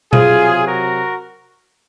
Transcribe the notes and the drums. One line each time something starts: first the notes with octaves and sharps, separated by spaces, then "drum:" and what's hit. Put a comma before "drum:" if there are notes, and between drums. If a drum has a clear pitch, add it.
C3 F#3 F4 G#4, drum: tom B2
F#4 A#4